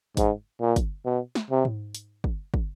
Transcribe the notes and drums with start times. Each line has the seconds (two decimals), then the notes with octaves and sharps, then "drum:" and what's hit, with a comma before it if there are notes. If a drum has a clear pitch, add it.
0.17 G#2, drum: kick, hi-hat
0.61 A#2
0.76 drum: kick, hi-hat
1.05 B2
1.35 drum: snare
1.51 C3
1.65 drum: tom G#2
1.95 drum: hi-hat
2.24 drum: kick
2.54 drum: kick